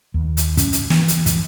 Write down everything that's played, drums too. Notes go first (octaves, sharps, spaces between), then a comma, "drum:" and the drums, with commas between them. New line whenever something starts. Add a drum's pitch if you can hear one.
D#2
drum: hi-hat
C#4, drum: kick, hi-hat
drum: hi-hat
E3, drum: snare
drum: hi-hat
drum: kick, hi-hat